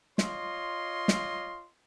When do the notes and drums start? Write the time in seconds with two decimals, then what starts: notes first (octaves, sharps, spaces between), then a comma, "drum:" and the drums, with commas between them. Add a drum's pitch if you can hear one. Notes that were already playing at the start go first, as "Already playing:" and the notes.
0.18 F4 C#5 D#5 C6, drum: snare
1.08 drum: snare